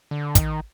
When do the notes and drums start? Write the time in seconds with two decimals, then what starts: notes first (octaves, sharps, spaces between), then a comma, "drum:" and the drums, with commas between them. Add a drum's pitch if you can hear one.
0.11 D3
0.35 D#3, drum: kick, hi-hat